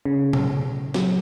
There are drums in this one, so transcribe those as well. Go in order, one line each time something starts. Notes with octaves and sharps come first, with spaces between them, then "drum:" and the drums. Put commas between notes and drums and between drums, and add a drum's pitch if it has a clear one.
C#3
drum: tom A#2
F#3, drum: snare